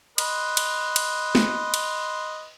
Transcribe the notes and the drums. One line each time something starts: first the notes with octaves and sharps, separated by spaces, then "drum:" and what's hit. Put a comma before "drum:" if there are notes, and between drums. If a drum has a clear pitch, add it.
B4 D#5 C6, drum: cymbal
drum: cymbal
drum: cymbal
drum: snare
drum: cymbal